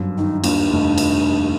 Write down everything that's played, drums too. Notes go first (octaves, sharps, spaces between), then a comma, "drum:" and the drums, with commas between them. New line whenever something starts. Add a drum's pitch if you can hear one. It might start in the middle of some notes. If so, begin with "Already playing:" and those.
Already playing: G1 F#2
D#3 D#4
D#2 D4, drum: cymbal
F1
drum: cymbal